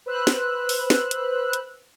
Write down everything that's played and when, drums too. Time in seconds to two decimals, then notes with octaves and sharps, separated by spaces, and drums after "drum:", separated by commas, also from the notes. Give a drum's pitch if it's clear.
0.06 B4 C5 E6 F#6
0.27 drum: snare
0.69 drum: open hi-hat
0.90 drum: snare
1.11 drum: hi-hat
1.53 drum: hi-hat